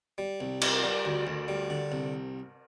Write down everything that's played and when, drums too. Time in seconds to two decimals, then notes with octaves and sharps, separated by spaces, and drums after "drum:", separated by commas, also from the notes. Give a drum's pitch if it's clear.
0.18 G3
0.41 C2
0.62 G4, drum: cymbal
0.83 G3
1.05 D2
1.27 D2
1.48 G3
1.70 D3
1.92 C2